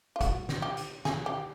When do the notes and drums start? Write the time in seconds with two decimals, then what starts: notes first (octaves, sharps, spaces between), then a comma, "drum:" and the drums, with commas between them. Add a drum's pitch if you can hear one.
0.16 F4
0.21 F#4, drum: kick, hi-hat
0.49 drum: snare
0.62 G4
0.77 drum: hi-hat
1.05 G#4, drum: snare
1.26 G4